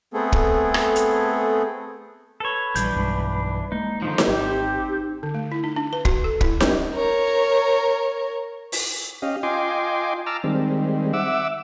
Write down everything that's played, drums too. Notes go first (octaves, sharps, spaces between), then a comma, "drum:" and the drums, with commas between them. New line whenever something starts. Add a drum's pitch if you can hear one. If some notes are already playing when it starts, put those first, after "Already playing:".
A3 B3 C4 G#4 A4
drum: kick
drum: rim click
drum: hi-hat
A4 B4 C#5
A#1 E3 G3 D4 G6, drum: hi-hat
B1 G2 G#3
G#3 A#3 D#4
D3 D#3 F3 D#4 C5 A#5
drum: snare D#4
G#1 C4 G4
D3
A3
E4
D#4
D4
B4
F#4, drum: kick
A4
E4, drum: kick
C#4, drum: snare D#4
A#4 C#5
drum: open hi-hat
C#4 G4 D#5 F5
F4 D#5 G5 G#5 C6 D6
A5 A#5 D6 E6 F6
D#3 G3 G#3 C4
E5 F#5 D6 E6